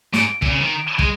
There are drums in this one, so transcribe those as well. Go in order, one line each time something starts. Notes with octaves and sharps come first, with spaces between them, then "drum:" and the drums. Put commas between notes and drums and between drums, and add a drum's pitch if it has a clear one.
G#2, drum: snare
A#2, drum: kick
C#3
D#3
G#3, drum: kick